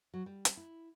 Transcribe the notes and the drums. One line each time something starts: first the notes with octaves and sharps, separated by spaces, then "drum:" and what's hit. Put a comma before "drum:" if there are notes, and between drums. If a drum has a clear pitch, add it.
F#3
G3
drum: hi-hat
E4